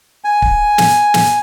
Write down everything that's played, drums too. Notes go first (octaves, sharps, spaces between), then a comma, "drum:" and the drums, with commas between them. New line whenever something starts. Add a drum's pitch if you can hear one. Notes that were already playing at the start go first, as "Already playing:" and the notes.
G#5
drum: kick
drum: snare
drum: snare